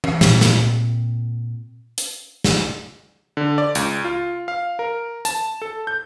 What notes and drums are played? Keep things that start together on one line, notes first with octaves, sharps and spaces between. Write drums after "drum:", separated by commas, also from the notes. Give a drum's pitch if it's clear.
drum: tom E3
A#2 C4, drum: snare
drum: snare
drum: hi-hat
drum: snare
D3
D5
C#2, drum: hi-hat
F4
F5
A#4
A5, drum: hi-hat
A4
G6